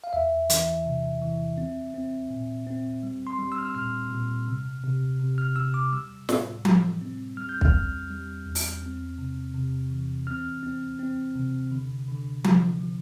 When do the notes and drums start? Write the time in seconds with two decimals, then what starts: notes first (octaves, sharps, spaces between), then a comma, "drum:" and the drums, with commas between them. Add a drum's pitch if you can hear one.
0.04 F5
0.13 E2 E5
0.50 E3, drum: hi-hat
0.86 C3
1.22 E3
1.58 C4
1.94 C4
2.30 A#2
2.67 C4
3.03 G3
3.27 C6
3.39 G3
3.52 E6
3.58 F6
3.65 E6
3.75 A#2 F6
4.11 A#2
4.48 C3
4.84 C3
5.20 C3
5.38 F6
5.56 C3 E6
5.74 D6
5.93 G3 E6
6.29 A2, drum: snare
6.65 G3, drum: tom F3
7.01 C4
7.37 G3 F6
7.49 G6
7.61 F6, drum: kick
7.73 E2
8.10 G3
8.45 E2
8.55 drum: open hi-hat
8.82 C4
9.18 C3
9.54 C3
9.90 E3
10.27 C4 F6
10.63 C4
10.99 C4
11.35 C3
11.72 D3
12.08 D3
12.44 F3, drum: tom F3
12.80 F3